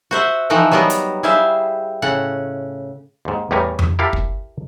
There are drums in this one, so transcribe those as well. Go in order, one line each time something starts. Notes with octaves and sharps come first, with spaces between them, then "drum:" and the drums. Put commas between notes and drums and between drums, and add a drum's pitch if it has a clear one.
F#4 C5 E5 F#5
E3 F3 D#4 F#4 F#5 G5
F#3 G3 B3 A#4 D#5
drum: hi-hat
G3 E4 G#4 C5 E5 F5
A2 C#3 F#5
D#2 G#2
E2 A2 G3 A3 A#4 G#5
drum: tom F2
E4 G4 A4 A#4 F5
drum: kick